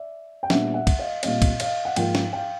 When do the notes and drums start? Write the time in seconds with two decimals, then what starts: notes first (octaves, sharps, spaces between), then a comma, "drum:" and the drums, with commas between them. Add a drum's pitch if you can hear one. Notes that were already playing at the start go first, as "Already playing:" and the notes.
Already playing: D5 E5
0.43 G5
0.50 A#2 G3 B3 D4 E5 F#5, drum: snare
0.74 E5 F#5
0.87 drum: kick, cymbal
0.99 D#5 F5
1.23 A#2 G3 C4 D#5 F5, drum: cymbal
1.42 drum: kick, cymbal
1.60 D#5 F5, drum: cymbal
1.85 F#5
1.96 G#2 F3 A#3 F5 G5, drum: cymbal
2.15 drum: snare
2.33 F5 G5